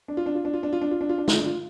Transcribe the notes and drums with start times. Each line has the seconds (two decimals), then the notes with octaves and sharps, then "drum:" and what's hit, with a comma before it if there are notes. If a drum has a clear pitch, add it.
0.08 D4
0.17 F4
0.26 D4
0.35 F4
0.45 D4
0.53 F4
0.63 D4
0.73 F4
0.81 D4
0.91 F4
1.01 D4
1.09 F4
1.18 D4
1.28 F4, drum: snare
1.37 D4
1.46 F4